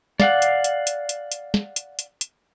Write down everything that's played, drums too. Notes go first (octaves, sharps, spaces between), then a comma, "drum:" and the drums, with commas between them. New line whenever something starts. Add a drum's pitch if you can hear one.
D5 F5 F#5, drum: snare
drum: hi-hat
drum: hi-hat
drum: hi-hat
drum: hi-hat
drum: hi-hat
drum: snare
drum: hi-hat
drum: hi-hat
drum: hi-hat